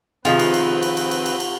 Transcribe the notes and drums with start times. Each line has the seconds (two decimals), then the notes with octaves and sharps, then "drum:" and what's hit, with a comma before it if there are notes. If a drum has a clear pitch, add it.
0.25 C3 D#3 F3 C4 F4 G#4 B4, drum: cymbal
0.39 drum: cymbal
0.54 drum: cymbal
0.82 drum: cymbal
0.97 drum: cymbal
1.11 drum: cymbal
1.26 drum: cymbal
1.40 drum: cymbal